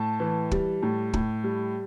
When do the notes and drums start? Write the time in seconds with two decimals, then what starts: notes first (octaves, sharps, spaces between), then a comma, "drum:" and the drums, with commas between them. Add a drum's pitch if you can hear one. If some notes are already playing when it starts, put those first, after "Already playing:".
Already playing: A2 A5
0.20 E3
0.51 G3, drum: kick
0.82 A2
1.13 A2, drum: kick
1.44 G3